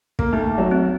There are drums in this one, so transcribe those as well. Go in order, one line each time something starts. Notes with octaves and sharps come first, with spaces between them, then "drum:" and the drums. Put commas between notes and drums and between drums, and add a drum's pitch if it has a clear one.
A#3, drum: kick
A3 D#4
F#3
C4